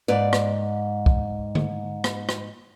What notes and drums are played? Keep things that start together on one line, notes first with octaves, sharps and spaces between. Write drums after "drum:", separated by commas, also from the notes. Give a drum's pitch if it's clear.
G#2 B4 D5
drum: rim click
drum: kick
drum: tom D3
drum: rim click
drum: rim click